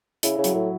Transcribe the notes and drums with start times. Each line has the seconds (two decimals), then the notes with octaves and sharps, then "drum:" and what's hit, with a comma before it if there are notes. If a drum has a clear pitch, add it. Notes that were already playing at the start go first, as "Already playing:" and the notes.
0.23 C#3 E4, drum: hi-hat
0.38 C#3
0.44 F#3, drum: hi-hat
0.55 A2